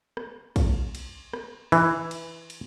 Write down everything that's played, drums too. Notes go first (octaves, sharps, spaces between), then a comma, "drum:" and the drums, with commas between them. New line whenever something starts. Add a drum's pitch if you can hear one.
drum: rim click
drum: kick, cymbal
drum: cymbal
drum: rim click
E3, drum: cymbal
drum: cymbal
drum: cymbal